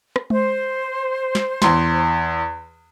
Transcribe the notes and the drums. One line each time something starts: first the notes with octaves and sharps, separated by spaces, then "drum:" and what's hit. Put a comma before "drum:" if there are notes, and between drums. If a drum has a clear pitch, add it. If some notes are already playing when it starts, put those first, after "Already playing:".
drum: rim click
C5, drum: tom G#3
drum: snare
E2 C6, drum: snare